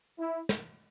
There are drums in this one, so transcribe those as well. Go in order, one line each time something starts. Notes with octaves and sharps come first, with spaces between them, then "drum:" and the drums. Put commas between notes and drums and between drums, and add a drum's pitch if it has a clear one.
E4
drum: snare